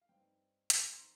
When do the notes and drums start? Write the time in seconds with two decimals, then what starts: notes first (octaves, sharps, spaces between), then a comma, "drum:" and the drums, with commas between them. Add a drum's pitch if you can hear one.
0.01 F5
0.09 G2 G3 C4 D#4 G5
0.70 drum: hi-hat
0.93 C6
0.98 D#3 C4 D#4 A#5